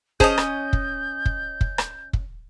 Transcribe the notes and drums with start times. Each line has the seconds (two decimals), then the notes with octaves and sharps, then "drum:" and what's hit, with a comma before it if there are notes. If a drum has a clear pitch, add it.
0.20 C#4 G#4 C5 D#5 A5 G6, drum: kick
0.38 drum: rim click
0.73 drum: kick
1.25 drum: kick
1.61 drum: kick
1.78 drum: rim click
2.13 drum: kick